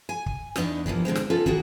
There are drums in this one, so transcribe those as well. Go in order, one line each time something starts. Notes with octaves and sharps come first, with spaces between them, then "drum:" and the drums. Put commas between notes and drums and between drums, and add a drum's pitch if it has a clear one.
G#5
drum: kick
E2 B3 D4 D#4, drum: snare
G2 E3 F3 A#3, drum: kick
A#2 D3 G#3 C4
drum: snare
A#3 B3 C#4 D#4 F4 A4
D#3 G#3 A#3 F#4, drum: kick